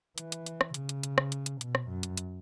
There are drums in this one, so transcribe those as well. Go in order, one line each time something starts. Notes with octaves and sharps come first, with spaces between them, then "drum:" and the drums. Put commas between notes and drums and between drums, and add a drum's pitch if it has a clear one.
E3, drum: hi-hat
drum: hi-hat
drum: hi-hat
drum: rim click
C#3, drum: hi-hat
drum: hi-hat
drum: hi-hat
drum: rim click
drum: hi-hat
drum: hi-hat
B2, drum: hi-hat
drum: rim click
F#2
drum: hi-hat
drum: hi-hat